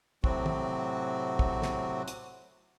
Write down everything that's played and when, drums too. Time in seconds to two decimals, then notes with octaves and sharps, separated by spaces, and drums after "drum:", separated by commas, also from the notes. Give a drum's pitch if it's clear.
0.24 A2 C3 F#3 C4 F#4, drum: kick
0.46 drum: tom
1.39 drum: kick
1.62 drum: snare
2.08 drum: hi-hat